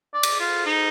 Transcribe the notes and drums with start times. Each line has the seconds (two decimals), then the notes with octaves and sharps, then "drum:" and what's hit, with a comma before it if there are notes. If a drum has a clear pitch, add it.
0.14 D5
0.23 drum: cymbal
0.40 F4
0.66 D#4